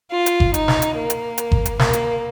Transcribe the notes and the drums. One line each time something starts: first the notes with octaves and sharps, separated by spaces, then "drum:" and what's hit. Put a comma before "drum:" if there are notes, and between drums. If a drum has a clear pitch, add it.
F4
drum: hi-hat
drum: kick F#1
D#4, drum: hi-hat
drum: snare
drum: hi-hat
A#3
drum: hi-hat
drum: hi-hat
drum: kick F#1
drum: hi-hat
A#3, drum: snare
drum: hi-hat